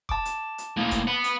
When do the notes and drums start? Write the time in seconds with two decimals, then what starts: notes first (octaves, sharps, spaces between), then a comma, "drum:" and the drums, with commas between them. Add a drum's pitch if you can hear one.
0.09 A5 D6, drum: kick E1
0.25 drum: hi-hat
0.58 drum: hi-hat
0.77 A2 A#3
0.91 drum: kick E1, hi-hat
1.07 F#5 B5
1.24 drum: hi-hat